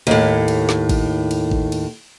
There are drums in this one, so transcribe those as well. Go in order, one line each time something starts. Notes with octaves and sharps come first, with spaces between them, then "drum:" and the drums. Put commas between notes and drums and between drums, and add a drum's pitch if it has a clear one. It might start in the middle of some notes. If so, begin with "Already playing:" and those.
D#2 A2, drum: cymbal
drum: cymbal
drum: snare
drum: kick A1, cymbal
drum: cymbal
drum: kick A1
drum: cymbal